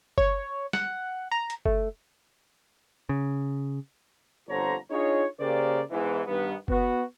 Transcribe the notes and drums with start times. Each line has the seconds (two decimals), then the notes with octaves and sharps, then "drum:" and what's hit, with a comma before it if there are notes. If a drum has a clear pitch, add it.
0.18 C#5, drum: kick F#1
0.73 F#5, drum: snare
1.31 A#5
1.50 drum: hi-hat
1.65 A3, drum: kick F#1
3.09 C#3
4.48 G1 F2 D3 C5 C#5 A#5
4.91 D4 D#4 F4 G#4 C#5
5.40 C#3 A#3 G4 A#4 C5 D5
5.91 E2 G#2 E3
6.26 G2 D#3 B3
6.68 B3 F#4, drum: kick F#1